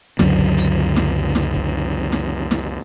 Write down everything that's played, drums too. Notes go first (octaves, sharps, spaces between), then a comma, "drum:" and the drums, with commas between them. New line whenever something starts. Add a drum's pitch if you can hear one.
C#2 F#2 D3 F#3, drum: snare
drum: kick
drum: hi-hat
drum: snare
drum: snare
drum: kick
drum: snare
drum: snare